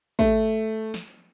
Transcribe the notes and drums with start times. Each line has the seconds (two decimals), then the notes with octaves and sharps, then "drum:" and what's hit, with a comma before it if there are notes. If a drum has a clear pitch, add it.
0.19 A3, drum: kick
0.94 drum: snare